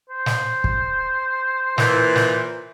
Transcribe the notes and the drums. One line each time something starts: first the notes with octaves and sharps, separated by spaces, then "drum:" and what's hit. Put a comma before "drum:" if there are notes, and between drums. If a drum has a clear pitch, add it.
C5
drum: snare
drum: kick
A#2 E3, drum: snare
drum: snare